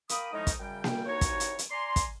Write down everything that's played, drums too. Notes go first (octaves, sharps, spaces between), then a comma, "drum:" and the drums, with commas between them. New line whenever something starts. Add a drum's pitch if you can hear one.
A#3 G5 B5 D#6, drum: hi-hat
A2 F3 G#3 C#4 D#4
drum: kick, hi-hat
F#2 C#3 G3 G5
drum: snare A#3
C2 D#4 F#4 C#5
drum: kick, hi-hat
drum: hi-hat
drum: hi-hat
D5 G#5 A#5 C6
drum: kick, hi-hat